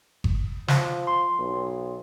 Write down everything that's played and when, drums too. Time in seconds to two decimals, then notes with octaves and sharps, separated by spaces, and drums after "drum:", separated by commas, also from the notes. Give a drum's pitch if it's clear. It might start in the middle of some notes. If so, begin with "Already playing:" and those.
0.24 drum: kick G1
0.68 F3, drum: snare
1.07 C6
1.39 B1